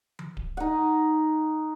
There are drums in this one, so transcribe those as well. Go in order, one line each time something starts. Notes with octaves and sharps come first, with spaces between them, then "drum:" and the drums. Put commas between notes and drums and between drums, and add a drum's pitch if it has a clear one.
drum: tom E3
drum: kick D1
D#4 F#5